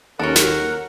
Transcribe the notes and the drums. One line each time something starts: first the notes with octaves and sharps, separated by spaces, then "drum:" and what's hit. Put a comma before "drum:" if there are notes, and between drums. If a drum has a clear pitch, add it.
D#2 C#4 A4 A#4 F#5
drum: snare